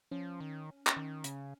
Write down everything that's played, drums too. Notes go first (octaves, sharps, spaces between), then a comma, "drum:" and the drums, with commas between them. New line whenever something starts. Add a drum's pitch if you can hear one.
F3 C#4
D#3
drum: clap
D#3
C#3, drum: hi-hat